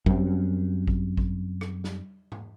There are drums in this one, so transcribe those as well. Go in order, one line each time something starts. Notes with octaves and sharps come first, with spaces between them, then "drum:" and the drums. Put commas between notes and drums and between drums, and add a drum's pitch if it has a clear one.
F#2 G3 C4, drum: kick G#1
drum: kick G#1
drum: kick G#1
drum: rim click
drum: snare
drum: tom G#2